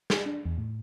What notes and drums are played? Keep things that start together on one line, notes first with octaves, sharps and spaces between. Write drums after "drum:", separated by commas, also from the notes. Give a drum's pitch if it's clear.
G#4, drum: snare
D4
E2
A2